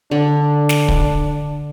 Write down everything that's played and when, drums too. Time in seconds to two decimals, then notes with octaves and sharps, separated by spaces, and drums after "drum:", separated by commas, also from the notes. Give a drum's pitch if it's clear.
0.11 D3 D4
0.69 drum: snare
0.88 drum: kick